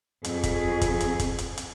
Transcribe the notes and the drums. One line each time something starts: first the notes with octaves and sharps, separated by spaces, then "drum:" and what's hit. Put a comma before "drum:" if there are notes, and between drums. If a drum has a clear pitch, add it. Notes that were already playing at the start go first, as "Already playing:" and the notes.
F2 G#4, drum: hi-hat
drum: kick, hi-hat
drum: kick, hi-hat
drum: hi-hat
drum: kick, hi-hat
drum: hi-hat
drum: hi-hat